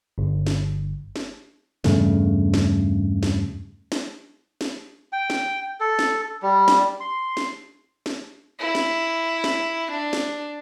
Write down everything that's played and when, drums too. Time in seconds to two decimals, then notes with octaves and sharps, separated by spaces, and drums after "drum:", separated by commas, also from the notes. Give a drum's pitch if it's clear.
0.18 G1
0.47 drum: snare
1.16 drum: snare
1.84 E2 G2 C#3 A3, drum: snare
2.54 drum: snare
3.23 drum: snare
3.92 drum: snare
4.61 drum: snare
5.12 G5
5.30 drum: snare
5.80 A4
5.99 drum: snare
6.42 G3
6.68 drum: snare
7.00 C6
7.37 drum: snare
8.06 drum: snare
8.60 E4
8.75 drum: snare
9.44 drum: snare
9.90 D4
10.13 drum: snare